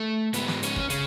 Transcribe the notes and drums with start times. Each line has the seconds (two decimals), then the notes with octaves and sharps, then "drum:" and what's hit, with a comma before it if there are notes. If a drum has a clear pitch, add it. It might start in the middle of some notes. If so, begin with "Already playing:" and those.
Already playing: A3
0.33 G#2 B3, drum: hi-hat
0.48 drum: snare
0.63 C#4, drum: hi-hat
0.76 drum: kick
0.90 C#3 C#4, drum: hi-hat